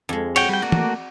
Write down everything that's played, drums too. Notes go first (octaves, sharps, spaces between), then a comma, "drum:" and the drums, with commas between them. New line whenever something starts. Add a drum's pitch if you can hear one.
F2 G#3
F#4 C#5 G5, drum: cymbal
G3 G5
A3 A#3 F#4 D5
drum: tom